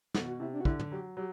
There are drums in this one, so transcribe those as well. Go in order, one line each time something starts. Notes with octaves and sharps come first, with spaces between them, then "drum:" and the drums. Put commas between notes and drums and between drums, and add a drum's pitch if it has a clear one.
B2 A4, drum: snare
F#4
C3 E4
D4
F#4
D3 E4, drum: kick
drum: tom
F#3 G4
F#3 G4